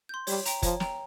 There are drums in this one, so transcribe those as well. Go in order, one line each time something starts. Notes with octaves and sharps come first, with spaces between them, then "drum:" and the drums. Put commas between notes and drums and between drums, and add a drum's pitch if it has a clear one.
C6 G6
G3 C#5, drum: open hi-hat
G5 A#5, drum: hi-hat
F3 C#5, drum: kick F1, hi-hat
G5 A#5, drum: snare